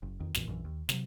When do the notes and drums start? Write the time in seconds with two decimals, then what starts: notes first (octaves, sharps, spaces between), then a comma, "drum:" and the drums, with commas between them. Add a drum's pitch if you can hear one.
0.03 F#1
0.20 F2 D#3
0.35 B1 F#2 A#2 E3, drum: snare
0.47 A#1 F#2 E3
0.65 D#2
0.89 C3 E3 F#3, drum: snare